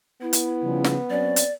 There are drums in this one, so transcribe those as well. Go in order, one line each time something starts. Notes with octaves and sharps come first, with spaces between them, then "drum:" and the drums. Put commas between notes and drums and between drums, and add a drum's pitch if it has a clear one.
B3 E4
drum: hi-hat
C#3 F3 G3
drum: snare
F#3 C4 C#4 D5
drum: hi-hat